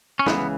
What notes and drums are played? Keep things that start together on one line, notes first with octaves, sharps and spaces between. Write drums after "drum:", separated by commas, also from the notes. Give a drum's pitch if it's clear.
C#4
C#2 C#3 E3 B3, drum: snare